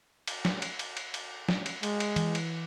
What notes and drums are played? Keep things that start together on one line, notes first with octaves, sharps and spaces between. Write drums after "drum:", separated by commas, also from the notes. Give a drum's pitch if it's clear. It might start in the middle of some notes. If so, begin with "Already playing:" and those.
drum: cymbal
drum: snare
drum: cymbal
drum: cymbal
drum: cymbal
drum: cymbal
drum: snare
drum: cymbal
G#3, drum: cymbal
drum: cymbal
E3, drum: cymbal
drum: cymbal